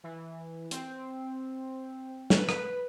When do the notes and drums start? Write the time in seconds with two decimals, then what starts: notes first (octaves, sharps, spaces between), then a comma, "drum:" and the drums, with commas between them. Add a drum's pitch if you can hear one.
0.04 E3
0.71 C4, drum: hi-hat
2.30 B4, drum: snare
2.49 drum: rim click